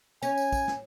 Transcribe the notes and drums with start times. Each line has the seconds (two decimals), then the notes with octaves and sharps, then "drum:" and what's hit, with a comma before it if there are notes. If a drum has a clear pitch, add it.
0.22 C#4 G#5, drum: tambourine
0.37 drum: tambourine
0.52 drum: kick, tambourine
0.68 drum: snare